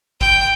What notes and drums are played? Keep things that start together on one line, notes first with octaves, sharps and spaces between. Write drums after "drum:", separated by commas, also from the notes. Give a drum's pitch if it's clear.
G5, drum: kick